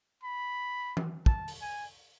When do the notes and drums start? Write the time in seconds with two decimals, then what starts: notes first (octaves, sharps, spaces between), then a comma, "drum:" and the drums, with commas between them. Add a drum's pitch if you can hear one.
0.23 B5
0.97 drum: tom E3
1.26 A5, drum: kick
1.48 drum: open hi-hat
1.62 G#5